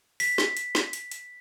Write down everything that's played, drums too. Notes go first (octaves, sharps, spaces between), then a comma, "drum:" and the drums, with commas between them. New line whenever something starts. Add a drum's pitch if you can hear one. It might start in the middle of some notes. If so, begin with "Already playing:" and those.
B6, drum: open hi-hat
drum: snare
drum: hi-hat
drum: snare
drum: hi-hat
drum: hi-hat